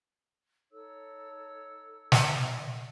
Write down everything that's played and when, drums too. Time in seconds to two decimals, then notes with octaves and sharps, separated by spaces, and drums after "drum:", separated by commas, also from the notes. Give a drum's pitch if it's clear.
0.72 D#4 A4 C#5 E6
2.12 drum: snare